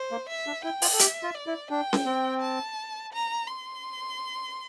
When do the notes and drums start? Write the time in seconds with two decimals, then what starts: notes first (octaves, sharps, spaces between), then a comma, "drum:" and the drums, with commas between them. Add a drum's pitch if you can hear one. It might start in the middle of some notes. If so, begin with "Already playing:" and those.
Already playing: C5
0.11 A#3
0.29 E5
0.47 D4
0.64 E4 G5
0.82 F4, drum: open hi-hat
0.93 A4
0.99 G4 E5, drum: hi-hat
1.23 F4
1.35 D5
1.47 E4
1.70 D4 G5
1.93 drum: snare C#4
2.06 C4
2.42 A5
3.13 A#5
3.47 C6